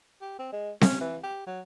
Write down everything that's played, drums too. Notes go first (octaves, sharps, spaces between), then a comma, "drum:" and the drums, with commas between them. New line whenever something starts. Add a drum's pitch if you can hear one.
G4
C4
G#3
C#4, drum: snare C4
E3
G4
F#3